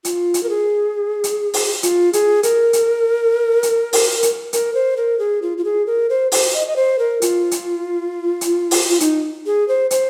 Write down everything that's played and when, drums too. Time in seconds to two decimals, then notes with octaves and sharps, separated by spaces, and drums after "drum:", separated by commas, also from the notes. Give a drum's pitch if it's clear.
0.05 F4, drum: hi-hat
0.34 drum: hi-hat
0.43 A#4
0.50 G#4
1.24 drum: hi-hat
1.54 drum: open hi-hat
1.83 F4, drum: hi-hat
2.13 G#4, drum: hi-hat
2.43 A#4, drum: hi-hat
2.73 drum: hi-hat
3.63 drum: hi-hat
3.93 drum: open hi-hat
4.23 drum: hi-hat
4.53 A#4, drum: hi-hat
4.74 C5
4.97 A#4
5.19 G#4
5.42 F4
5.58 F4
5.65 G#4
5.87 A#4
6.10 C5
6.32 C5, drum: open hi-hat
6.54 D#5
6.67 D#5
6.76 C5
6.99 A#4
7.22 F4, drum: hi-hat
7.51 drum: hi-hat
8.41 drum: hi-hat
8.71 drum: open hi-hat
8.89 F4
9.00 D#4, drum: hi-hat
9.46 G#4
9.68 C5
9.91 C5, drum: hi-hat